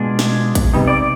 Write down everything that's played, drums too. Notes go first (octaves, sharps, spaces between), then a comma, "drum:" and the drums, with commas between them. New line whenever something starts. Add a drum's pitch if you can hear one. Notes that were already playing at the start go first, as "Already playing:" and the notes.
Already playing: B2 G#3 D4 F4 G#4
drum: snare
drum: kick A#1, hi-hat
C3 G3 B3 D#4
D5